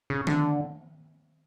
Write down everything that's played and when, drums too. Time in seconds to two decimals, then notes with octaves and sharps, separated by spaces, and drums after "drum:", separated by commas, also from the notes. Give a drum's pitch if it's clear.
0.10 C#3
0.27 D3, drum: tom D#3